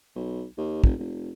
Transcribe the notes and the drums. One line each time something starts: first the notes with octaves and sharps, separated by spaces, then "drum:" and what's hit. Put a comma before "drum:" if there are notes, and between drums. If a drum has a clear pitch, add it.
B1
D#2
F1, drum: kick
F1